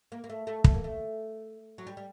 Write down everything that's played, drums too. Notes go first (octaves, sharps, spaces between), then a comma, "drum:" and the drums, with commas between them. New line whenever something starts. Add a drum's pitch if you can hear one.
A#3
A#3
A3
A3
A3, drum: kick
A#3
A3
F#3
G3
G3